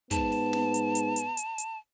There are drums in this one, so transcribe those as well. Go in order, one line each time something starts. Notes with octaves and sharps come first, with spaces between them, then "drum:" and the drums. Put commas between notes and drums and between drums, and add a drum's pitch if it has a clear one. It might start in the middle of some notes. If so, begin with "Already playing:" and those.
G#2 B3 A5, drum: kick, hi-hat
drum: open hi-hat
drum: snare
drum: hi-hat
drum: hi-hat
drum: hi-hat
drum: hi-hat
drum: hi-hat